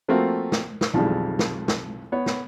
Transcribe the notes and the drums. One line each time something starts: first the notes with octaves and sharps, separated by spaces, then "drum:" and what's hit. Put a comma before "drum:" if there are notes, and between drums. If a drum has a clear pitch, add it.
F3 A3 A#3 C4 F4 F#4
drum: snare
drum: snare
B1 F2 D#3 E3 G3 G#3
drum: snare
drum: snare
B3 C#5
drum: snare